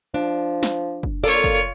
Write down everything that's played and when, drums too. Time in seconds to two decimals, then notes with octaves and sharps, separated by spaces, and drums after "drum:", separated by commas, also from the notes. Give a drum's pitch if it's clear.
0.14 F3 D4
0.63 drum: snare
1.03 drum: kick
1.24 A#3 F4 A4 C#5 D5
1.44 drum: kick